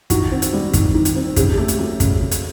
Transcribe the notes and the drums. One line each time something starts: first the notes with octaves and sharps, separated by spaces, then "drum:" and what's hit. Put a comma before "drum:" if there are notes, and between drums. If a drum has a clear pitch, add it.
D#3 F#4, drum: kick, hi-hat
C4
drum: hi-hat
G3
D#3, drum: kick, hi-hat
D#3
drum: hi-hat
C4
C#3 G4, drum: kick, hi-hat
A3
drum: hi-hat
F#3
C#3, drum: kick, hi-hat
C#3
drum: hi-hat